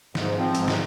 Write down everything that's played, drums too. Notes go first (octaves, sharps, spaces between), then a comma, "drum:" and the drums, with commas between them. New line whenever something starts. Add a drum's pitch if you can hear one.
G#2, drum: snare
F3 C4
G#2, drum: hi-hat
drum: snare